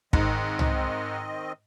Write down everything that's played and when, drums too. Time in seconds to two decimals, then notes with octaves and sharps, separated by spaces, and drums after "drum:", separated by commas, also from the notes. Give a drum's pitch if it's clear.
0.13 G#2 D#3 C4 D#5, drum: kick
0.59 drum: tom C2